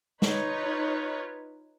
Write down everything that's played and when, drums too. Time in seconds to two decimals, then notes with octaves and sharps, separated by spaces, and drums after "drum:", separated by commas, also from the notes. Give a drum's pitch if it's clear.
0.22 D#4 F4 B4 C#5, drum: snare